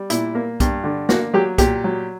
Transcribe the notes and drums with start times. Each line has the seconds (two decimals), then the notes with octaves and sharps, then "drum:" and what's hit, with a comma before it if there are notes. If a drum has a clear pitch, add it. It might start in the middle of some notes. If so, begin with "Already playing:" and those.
Already playing: G3
0.10 A#2 E4, drum: hi-hat
0.35 A#3
0.60 G2, drum: kick B1, hi-hat
0.84 D3
1.09 A#3 F#4, drum: snare
1.34 F#3 G4
1.58 A#2 G4, drum: kick B1, hi-hat
1.84 F#3